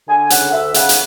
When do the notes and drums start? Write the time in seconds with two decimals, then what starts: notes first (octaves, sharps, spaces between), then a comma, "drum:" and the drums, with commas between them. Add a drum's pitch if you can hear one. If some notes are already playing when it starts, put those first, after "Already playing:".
0.08 D3 G#5
0.30 C#3 F#5, drum: hi-hat
0.52 D2 E5
0.74 C#3 F#5, drum: hi-hat
0.89 drum: hi-hat